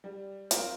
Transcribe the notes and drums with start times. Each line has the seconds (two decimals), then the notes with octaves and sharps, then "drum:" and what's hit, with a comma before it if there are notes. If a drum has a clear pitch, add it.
0.04 G3
0.51 C4 F4 A#4, drum: hi-hat